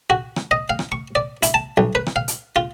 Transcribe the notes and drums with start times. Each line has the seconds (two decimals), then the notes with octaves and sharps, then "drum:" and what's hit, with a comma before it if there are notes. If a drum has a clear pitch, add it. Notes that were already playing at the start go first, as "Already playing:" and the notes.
0.10 F#4
0.36 drum: rim click
0.51 D#5
0.70 F5
0.79 drum: rim click
0.92 C#6
1.15 D5
1.43 E4, drum: hi-hat
1.54 A5
1.77 B1
1.95 B4
2.06 drum: rim click
2.16 F5
2.28 drum: hi-hat
2.56 F4